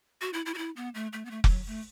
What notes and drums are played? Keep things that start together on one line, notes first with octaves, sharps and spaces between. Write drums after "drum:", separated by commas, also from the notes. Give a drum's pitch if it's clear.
F#4
E4
E4
F#4
E4
B3
A3
A3
B3
A3
A3, drum: kick F1
F#3
A3